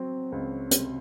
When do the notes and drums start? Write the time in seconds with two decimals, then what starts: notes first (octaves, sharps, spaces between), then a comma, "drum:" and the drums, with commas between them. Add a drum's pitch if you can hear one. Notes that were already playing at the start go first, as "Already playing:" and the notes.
Already playing: F#3 C4
0.32 C#2
0.71 C3, drum: hi-hat